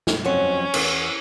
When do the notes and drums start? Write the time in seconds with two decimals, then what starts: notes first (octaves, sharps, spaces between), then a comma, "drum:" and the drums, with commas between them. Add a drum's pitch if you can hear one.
0.07 drum: snare
0.24 F2 F#3 C#4 C#5
0.74 E2, drum: cymbal